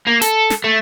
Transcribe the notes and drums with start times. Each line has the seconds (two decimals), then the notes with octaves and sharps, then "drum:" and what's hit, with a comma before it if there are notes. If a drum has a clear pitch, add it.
0.07 A#3
0.22 A4, drum: hi-hat
0.50 drum: snare
0.64 A3